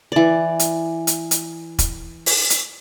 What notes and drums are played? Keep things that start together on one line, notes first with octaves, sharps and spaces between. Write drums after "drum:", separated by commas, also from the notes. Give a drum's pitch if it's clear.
E3 D5
drum: hi-hat
drum: hi-hat
drum: hi-hat
drum: kick E1, hi-hat
drum: open hi-hat
drum: hi-hat